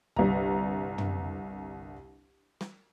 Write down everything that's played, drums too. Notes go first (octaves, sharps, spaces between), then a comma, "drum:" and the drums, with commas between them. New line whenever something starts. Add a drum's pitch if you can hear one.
G1 C2 A#5, drum: kick
drum: tom
drum: snare